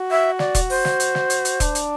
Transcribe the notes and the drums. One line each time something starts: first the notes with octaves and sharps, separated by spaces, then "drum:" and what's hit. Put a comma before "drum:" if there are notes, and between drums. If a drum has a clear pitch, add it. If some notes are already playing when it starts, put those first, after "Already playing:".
Already playing: F#4
E5
D5, drum: snare
drum: kick E1, hi-hat
C5, drum: open hi-hat
drum: snare
drum: hi-hat
drum: snare
drum: hi-hat
drum: hi-hat
D4, drum: kick E1, hi-hat
drum: hi-hat